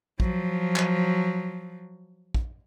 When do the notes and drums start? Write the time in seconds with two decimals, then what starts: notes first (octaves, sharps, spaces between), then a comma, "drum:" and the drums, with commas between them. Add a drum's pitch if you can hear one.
0.20 F3 F#3, drum: kick
0.76 drum: clap
2.34 drum: kick